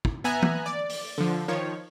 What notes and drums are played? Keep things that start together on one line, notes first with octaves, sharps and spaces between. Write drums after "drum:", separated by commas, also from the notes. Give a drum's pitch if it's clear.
drum: kick
B3 E5 G#5 A#5 F#6
drum: tom
D5
drum: open hi-hat
D3 F3
D#3 F3 C#5